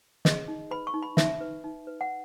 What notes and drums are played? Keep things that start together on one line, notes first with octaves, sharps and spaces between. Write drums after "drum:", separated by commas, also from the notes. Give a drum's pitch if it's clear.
G#4 D#5, drum: snare
D#4
B4 B5
C#6
D#4
B5
D#4 E5, drum: snare
B4
D#4
B4
F#5